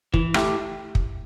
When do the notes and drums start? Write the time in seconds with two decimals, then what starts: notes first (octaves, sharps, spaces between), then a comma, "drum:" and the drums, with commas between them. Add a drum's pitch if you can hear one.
0.14 E3, drum: kick
0.34 A3 E4 G4, drum: rim click
0.95 drum: kick